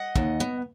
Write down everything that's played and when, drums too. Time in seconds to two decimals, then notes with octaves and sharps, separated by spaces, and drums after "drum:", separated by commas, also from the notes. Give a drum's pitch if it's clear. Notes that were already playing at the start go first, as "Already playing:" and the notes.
Already playing: D#5 F#5
0.15 D#2, drum: kick
0.40 B3